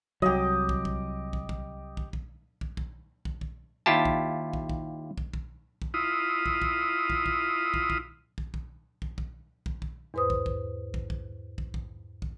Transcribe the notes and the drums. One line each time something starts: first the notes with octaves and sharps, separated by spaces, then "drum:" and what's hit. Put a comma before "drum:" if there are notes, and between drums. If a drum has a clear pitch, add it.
C2 F#3 G4 D#5
drum: kick
drum: kick
drum: kick
drum: kick
drum: kick
drum: kick
drum: kick
drum: kick
drum: kick
drum: kick
D#2 E4 F4 G4 A5
drum: kick
drum: kick
drum: kick
drum: kick
drum: kick
drum: kick
E4 F4 D#6
drum: kick
drum: kick
drum: kick
drum: kick
drum: kick
drum: kick
drum: kick
drum: kick
drum: kick
drum: kick
drum: kick
drum: kick
E2 G#2 B4 C5 D#6
drum: kick
drum: kick
drum: kick
drum: kick
drum: kick
drum: kick
drum: kick